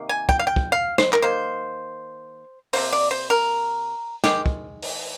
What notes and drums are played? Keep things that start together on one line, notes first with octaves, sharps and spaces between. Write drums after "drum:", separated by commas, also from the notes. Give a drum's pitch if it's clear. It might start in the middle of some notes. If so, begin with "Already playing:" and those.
Already playing: C3 D#3 A#3
G#5
G5, drum: kick
F5
G5
drum: kick
F5
C5, drum: snare
A#4, drum: clap
D#3 A#3 C5
C3 G3 A#3 C5, drum: open hi-hat
D5
C5
A#4
D#3 G#3 G4, drum: snare
drum: kick
drum: open hi-hat